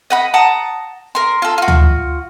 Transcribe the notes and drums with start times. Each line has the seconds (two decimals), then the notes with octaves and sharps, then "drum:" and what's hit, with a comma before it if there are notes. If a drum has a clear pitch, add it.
0.10 D#5 F#5 B5
0.34 F#5 A5 A#5 D#6
1.15 A#4 C6
1.42 F4 A4
1.58 F4 F#4
1.68 drum: tom D2